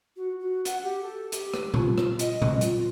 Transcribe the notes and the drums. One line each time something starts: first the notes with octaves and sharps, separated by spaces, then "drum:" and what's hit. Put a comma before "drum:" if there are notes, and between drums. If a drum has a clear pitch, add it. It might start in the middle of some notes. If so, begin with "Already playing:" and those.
F#4
F#4
F#5, drum: hi-hat
G4
A4
G4, drum: hi-hat
drum: rim click
F4, drum: tom A#2
drum: rim click
D#5, drum: hi-hat
drum: tom A#2
F4, drum: hi-hat